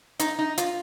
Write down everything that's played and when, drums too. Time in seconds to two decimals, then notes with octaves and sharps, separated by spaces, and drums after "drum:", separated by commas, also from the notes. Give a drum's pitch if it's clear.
0.19 D#4, drum: hi-hat
0.38 D#4
0.58 F4, drum: hi-hat